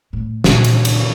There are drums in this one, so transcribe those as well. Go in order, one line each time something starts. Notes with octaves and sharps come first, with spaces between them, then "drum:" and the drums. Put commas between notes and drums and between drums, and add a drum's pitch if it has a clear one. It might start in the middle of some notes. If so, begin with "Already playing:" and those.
A2
A#2, drum: snare
drum: cymbal
drum: cymbal